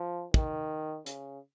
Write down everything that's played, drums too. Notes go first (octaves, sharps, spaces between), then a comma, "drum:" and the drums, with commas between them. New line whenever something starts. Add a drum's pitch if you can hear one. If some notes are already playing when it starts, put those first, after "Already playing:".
Already playing: F3
D#3, drum: kick
C#3, drum: hi-hat